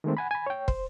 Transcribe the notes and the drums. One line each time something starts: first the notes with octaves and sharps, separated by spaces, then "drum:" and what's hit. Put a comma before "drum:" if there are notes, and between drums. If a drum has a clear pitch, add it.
D#3 G#3 A3 C4
F#5 G#5 B5
G#5 B5
C#5 G5
C5, drum: kick